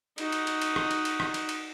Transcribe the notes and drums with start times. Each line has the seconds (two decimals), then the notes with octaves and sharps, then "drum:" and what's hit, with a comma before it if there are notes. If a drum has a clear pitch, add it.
0.18 D#4 F#4, drum: cymbal
0.32 drum: cymbal
0.47 drum: cymbal
0.62 drum: cymbal
0.76 drum: rim click
0.91 drum: cymbal
1.05 drum: cymbal
1.20 drum: rim click
1.34 drum: cymbal
1.49 drum: cymbal